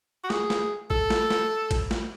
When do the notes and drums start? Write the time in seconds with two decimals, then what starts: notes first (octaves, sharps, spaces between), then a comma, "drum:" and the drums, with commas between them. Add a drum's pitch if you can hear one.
0.24 F#4
0.30 G#4, drum: snare
0.50 drum: snare
0.90 A4, drum: kick
1.10 drum: snare
1.30 drum: snare
1.71 drum: kick, cymbal
1.91 drum: snare